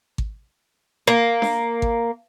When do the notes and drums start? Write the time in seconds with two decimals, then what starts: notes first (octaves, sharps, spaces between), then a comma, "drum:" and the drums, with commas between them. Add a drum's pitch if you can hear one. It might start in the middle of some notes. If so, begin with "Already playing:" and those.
0.18 drum: kick G#1
1.07 A#3
1.42 drum: snare D4
1.82 drum: kick G#1